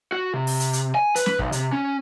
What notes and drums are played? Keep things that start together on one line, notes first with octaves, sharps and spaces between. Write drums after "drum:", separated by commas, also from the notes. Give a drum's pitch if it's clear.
F#4
C3
drum: open hi-hat
drum: hi-hat
drum: hi-hat
G#5
B4, drum: hi-hat
drum: snare
B1, drum: kick
C3, drum: hi-hat
C#4